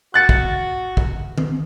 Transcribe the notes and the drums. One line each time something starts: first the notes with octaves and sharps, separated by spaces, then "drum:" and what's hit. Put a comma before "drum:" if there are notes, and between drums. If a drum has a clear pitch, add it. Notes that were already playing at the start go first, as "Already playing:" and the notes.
F#4 F#6 A6 C#7
drum: kick
drum: kick
drum: tom D#3